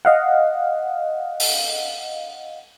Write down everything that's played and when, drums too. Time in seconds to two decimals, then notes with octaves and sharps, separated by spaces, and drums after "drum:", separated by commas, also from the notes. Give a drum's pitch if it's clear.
0.05 D#5 F5 F#5
1.39 drum: open hi-hat